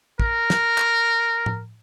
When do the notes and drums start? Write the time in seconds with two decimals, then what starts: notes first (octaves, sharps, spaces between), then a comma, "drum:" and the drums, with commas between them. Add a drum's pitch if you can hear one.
0.20 A#4, drum: kick
0.50 drum: snare
0.78 drum: clap
1.46 drum: tom A2